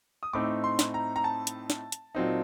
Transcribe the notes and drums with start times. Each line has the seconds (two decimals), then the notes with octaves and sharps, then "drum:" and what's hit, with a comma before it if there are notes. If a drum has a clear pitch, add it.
0.23 D#6
0.33 A2 A3 C4 D#4 D6
0.64 C6
0.79 drum: snare
0.94 A#5
1.16 A#5
1.24 A5
1.47 drum: hi-hat
1.70 drum: snare
1.92 drum: hi-hat
2.15 A#2 F#3 C4 D#4